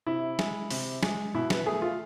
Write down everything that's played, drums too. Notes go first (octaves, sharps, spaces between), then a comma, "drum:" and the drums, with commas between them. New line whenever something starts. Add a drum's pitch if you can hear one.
C3 E4
G#3, drum: snare
C3, drum: open hi-hat
G#3, drum: snare
B2 E4
B4, drum: snare
A3 G#4
F4